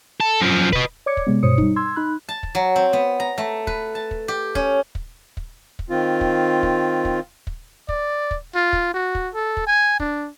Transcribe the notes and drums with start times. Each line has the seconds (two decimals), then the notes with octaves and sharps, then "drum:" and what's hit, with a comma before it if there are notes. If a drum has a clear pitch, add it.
0.20 A4
0.40 F#2 F3
0.73 B4 D#5, drum: kick
1.06 C#5 D5 D6 G#6 C#7
1.17 drum: kick
1.27 C3 G#3 B3
1.43 G2 B2 C5 C#5 D#6 C#7
1.58 G3 D#4, drum: kick
1.76 C6 E6 G#6
1.96 D#4 B5 F#6
2.29 A5
2.43 drum: kick
2.55 F#3
2.76 C4
2.93 B3
3.20 A#5
3.38 A3
3.67 B4, drum: kick
3.95 A5
4.11 drum: kick
4.28 G4
4.55 C#4, drum: kick
4.95 drum: kick
5.37 drum: kick
5.79 drum: kick
5.90 D#3 C4 F4
6.21 drum: kick
6.63 drum: kick
7.05 drum: kick
7.47 drum: kick
7.89 D5, drum: kick
8.31 drum: kick
8.55 F4
8.73 drum: kick
8.94 F#4
9.15 drum: kick
9.34 A4
9.57 drum: kick
9.67 G#5
10.00 D4, drum: kick